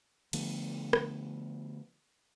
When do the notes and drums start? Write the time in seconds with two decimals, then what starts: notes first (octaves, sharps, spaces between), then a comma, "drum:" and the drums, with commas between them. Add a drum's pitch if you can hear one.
0.33 D3 F3 A3 B3, drum: cymbal
0.93 drum: rim click